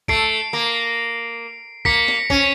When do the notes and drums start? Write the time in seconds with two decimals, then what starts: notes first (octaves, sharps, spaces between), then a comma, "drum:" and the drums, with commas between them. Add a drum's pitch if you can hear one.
0.08 A3 C7 D7, drum: kick
0.53 A#3
1.85 A#3 B6 C#7, drum: kick
2.08 drum: snare
2.30 C#4, drum: kick